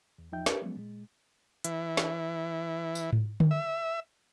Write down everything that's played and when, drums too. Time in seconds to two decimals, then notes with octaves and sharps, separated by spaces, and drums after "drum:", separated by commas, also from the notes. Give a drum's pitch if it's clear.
0.18 E2
0.32 E2 F3 D#4 E5 G5 G6
0.46 G4 A#4 B4, drum: snare
0.62 F3 F#3 G#3 B3 C#4
0.76 A#2 G#3
1.64 E3, drum: hi-hat
1.97 drum: snare
2.95 drum: tambourine
3.13 drum: tom G#2
3.40 drum: tom D3
3.51 E5